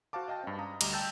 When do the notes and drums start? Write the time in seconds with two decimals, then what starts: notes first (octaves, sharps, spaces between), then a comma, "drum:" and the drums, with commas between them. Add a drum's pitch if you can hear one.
0.13 F#4 C5 F5 A5 D6
0.28 D#5 F5 G5 A5
0.44 G2 C#4
0.59 A#5 D#6
0.81 D2 G3 D#5 A#5 D6, drum: cymbal
0.93 G5 A5 E6 G6 A6